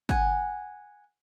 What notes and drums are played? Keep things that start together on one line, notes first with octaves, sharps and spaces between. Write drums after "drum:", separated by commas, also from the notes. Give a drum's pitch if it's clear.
F#5 G#5, drum: kick G#1